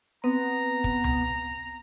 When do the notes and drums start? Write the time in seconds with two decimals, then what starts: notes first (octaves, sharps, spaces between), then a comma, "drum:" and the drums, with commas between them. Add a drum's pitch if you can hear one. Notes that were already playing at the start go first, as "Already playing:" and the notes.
0.24 B3 C4 A#5
0.84 drum: kick
1.04 drum: tom C#2